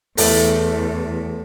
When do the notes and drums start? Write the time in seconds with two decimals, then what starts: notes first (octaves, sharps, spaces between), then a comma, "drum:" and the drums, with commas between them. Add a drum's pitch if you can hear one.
0.18 E2 A2 A3, drum: open hi-hat